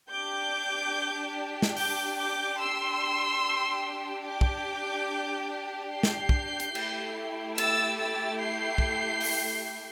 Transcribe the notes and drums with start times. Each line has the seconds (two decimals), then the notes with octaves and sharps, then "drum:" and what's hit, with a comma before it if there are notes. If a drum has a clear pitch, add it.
0.11 D4 G4 D6 G6
1.62 drum: snare
1.77 D6 G6, drum: open hi-hat
2.18 D6 G6
2.60 C6 E6
3.43 D4 G4
4.26 D6 G6
4.41 drum: kick
5.93 G6 C7
6.03 drum: snare
6.29 drum: kick
6.60 drum: hi-hat
6.75 A3 E4 G4, drum: cymbal
7.58 E6 A6, drum: cymbal
8.00 E6 A6
8.42 G6 C7
8.78 drum: kick
9.21 drum: open hi-hat